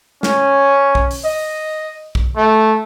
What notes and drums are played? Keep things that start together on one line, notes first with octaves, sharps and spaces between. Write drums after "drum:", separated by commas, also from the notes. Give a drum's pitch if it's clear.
C#4, drum: snare
drum: kick B1
drum: open hi-hat
D#5
drum: kick B1
A3